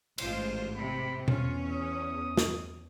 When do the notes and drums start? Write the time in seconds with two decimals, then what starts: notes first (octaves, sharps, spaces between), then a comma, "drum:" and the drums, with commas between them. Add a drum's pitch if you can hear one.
0.18 A1 G#2 G#3 F4 C5, drum: cymbal
0.76 C3 B5
1.28 E2 C#4 F4, drum: tom B2
1.70 D#6
2.37 drum: snare